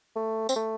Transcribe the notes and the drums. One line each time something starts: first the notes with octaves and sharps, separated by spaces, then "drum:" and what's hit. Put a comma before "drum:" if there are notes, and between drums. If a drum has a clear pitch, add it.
A3
C4, drum: tambourine
A3